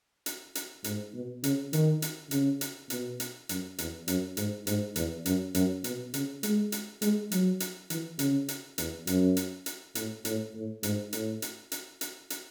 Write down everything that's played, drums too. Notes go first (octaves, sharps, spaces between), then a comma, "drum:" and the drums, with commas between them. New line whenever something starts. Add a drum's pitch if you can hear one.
drum: hi-hat
drum: hi-hat
G#2, drum: hi-hat
B2
C#3, drum: hi-hat
D#3, drum: hi-hat
drum: hi-hat
C#3, drum: hi-hat
drum: hi-hat
B2, drum: hi-hat
drum: hi-hat
F#2, drum: hi-hat
E2, drum: hi-hat
F#2, drum: hi-hat
G#2, drum: hi-hat
G#2, drum: hi-hat
E2, drum: hi-hat
F#2, drum: hi-hat
F#2, drum: hi-hat
B2, drum: hi-hat
C#3, drum: hi-hat
G#3, drum: hi-hat
drum: hi-hat
G#3, drum: hi-hat
F#3, drum: hi-hat
drum: hi-hat
E3, drum: hi-hat
C#3, drum: hi-hat
drum: hi-hat
E2, drum: hi-hat
F#2, drum: hi-hat
drum: hi-hat
drum: hi-hat
A2, drum: hi-hat
A2, drum: hi-hat
A2
G#2, drum: hi-hat
A2, drum: hi-hat
drum: hi-hat
drum: hi-hat
drum: hi-hat
drum: hi-hat